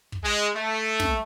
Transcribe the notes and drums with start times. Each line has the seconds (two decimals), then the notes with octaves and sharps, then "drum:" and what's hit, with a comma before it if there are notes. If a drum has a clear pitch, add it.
0.12 drum: kick
0.23 G#3
0.56 A3
1.00 drum: snare